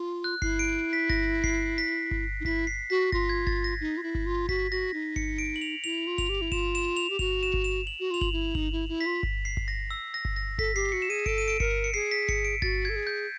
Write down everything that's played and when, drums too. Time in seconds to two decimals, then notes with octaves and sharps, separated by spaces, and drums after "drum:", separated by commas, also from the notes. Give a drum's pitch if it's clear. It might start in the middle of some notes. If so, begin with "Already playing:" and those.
Already playing: F4
0.24 F#6
0.42 E4 C7, drum: kick G1
0.59 D7
0.93 B6
1.10 A#6, drum: kick G1
1.44 C7, drum: kick G1
1.78 B6
2.11 drum: kick G1
2.40 D#4
2.45 E4 B6, drum: kick G1
2.67 C7
2.90 F#4 B6
3.12 F4 A#6, drum: kick G1
3.29 G#6
3.47 A6, drum: kick G1
3.64 A#6
3.81 D#4
3.97 F4
4.03 E4
4.15 drum: kick G1
4.26 F4
4.49 F#4 B6, drum: kick G1
4.71 F#4 A#6
4.94 D#4
5.16 C#7, drum: kick G1
5.38 D7
5.56 F#7
5.62 F7
5.84 E4 F7
6.07 F4
6.18 F7, drum: kick G1
6.29 G4
6.41 E4
6.52 F4 E7, drum: kick G1
6.75 E7
6.97 F7
7.10 G4
7.19 F#4 F7, drum: kick G1
7.43 E7
7.54 drum: kick G1
7.64 E7
7.87 F#7
8.00 F#4
8.11 F4 F7
8.21 F#7, drum: kick G1
8.33 E4
8.55 D#4 F#7, drum: kick G1
8.72 E4
8.89 E4
9.01 B6
9.06 F4
9.23 drum: kick G1
9.45 C7
9.57 drum: kick G1
9.68 A#6
9.91 E6
10.14 A#6
10.25 drum: kick G1
10.36 A#6
10.58 A4 B6, drum: kick G1
10.75 G4 C7
10.92 F#4 C#7
11.02 E7
11.09 G#4 D#7
11.26 A4 D7, drum: kick G1
11.38 D#7
11.48 D7
11.60 A#4 C#7, drum: kick G1
11.84 C#7
11.94 G#4 C7
12.11 B6
12.29 C#7, drum: kick G1
12.45 D7
12.62 F#4 A6, drum: kick G1
12.85 G#6
12.89 A4
12.96 G#4
13.07 G6